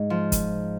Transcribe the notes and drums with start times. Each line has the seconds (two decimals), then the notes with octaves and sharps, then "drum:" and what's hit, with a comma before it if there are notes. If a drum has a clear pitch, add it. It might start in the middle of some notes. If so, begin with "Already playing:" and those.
Already playing: G#2
0.10 F3
0.32 drum: kick, hi-hat